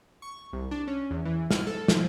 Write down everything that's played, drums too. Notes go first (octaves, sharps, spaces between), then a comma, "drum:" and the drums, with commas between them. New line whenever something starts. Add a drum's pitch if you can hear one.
C#6
C2
D4
C#4
E2
E3
F6, drum: snare
A4
F3, drum: snare